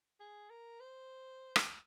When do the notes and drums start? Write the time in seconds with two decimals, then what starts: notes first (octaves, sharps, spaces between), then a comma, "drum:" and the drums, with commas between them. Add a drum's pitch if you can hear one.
0.20 G#4
0.50 A#4
0.80 C5
1.56 drum: rim click